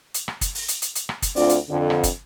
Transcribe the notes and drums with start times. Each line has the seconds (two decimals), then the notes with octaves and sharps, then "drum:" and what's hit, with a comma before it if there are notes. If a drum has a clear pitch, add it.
0.14 drum: hi-hat
0.28 drum: rim click
0.41 drum: kick, hi-hat
0.55 drum: open hi-hat
0.68 drum: hi-hat
0.82 drum: hi-hat
0.95 drum: hi-hat
1.09 drum: rim click
1.22 drum: kick, hi-hat
1.36 D2 C4 D4 F4 D5, drum: open hi-hat
1.49 drum: hi-hat
1.70 F2 D3
1.90 drum: rim click
2.03 drum: kick, hi-hat